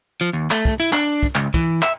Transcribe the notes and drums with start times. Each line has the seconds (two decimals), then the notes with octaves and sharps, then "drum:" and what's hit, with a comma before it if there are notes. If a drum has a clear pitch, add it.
0.21 F3
0.33 D#2
0.51 A3, drum: clap
0.65 drum: kick, hi-hat
0.80 E4
0.93 D4, drum: clap
1.23 drum: kick, hi-hat
1.35 C#2, drum: clap
1.54 E3, drum: kick, hi-hat
1.82 E5, drum: clap